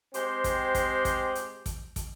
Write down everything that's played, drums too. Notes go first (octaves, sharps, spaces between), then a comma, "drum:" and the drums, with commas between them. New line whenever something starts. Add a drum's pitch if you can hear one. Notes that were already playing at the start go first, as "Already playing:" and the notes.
G#3 C4 G4 C5 G5, drum: hi-hat
drum: kick, hi-hat
drum: kick, hi-hat
drum: kick, hi-hat
drum: hi-hat
drum: kick, hi-hat
drum: kick, hi-hat